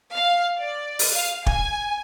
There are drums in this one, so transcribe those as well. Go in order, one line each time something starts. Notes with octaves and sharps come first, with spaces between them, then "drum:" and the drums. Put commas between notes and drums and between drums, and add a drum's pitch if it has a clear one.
F5
D5
drum: open hi-hat
F5
G#5, drum: kick